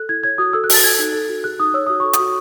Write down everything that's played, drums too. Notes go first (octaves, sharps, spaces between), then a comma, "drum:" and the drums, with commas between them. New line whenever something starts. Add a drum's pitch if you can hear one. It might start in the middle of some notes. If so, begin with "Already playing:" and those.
Already playing: A4 F#6
E4 G#6
C#5 G#6
F#4 D#6
A4 E6
F#6
F#4 A6, drum: open hi-hat
A4 G#6
D#4
A4
F#4
G#4 F#6
D#4 D#6
C#5 E6
F#4 D#6
A4 C#6
D#6, drum: hi-hat
F#4